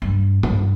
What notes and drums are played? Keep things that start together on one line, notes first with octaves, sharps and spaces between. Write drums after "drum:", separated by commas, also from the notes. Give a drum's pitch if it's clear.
G2
G2, drum: tom